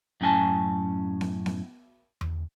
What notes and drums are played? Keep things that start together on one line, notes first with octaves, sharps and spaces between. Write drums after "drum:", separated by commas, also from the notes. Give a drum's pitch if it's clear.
F#2 A2 C#4 G#5 A5
drum: snare B3
drum: snare B3
drum: tom E2